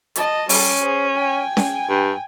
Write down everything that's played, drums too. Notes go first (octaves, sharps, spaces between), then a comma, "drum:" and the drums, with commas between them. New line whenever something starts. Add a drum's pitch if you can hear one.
D#5 A5, drum: hi-hat
G3 C#4 A4, drum: open hi-hat
G#4 C5
G5 G#5
drum: snare C#4
G2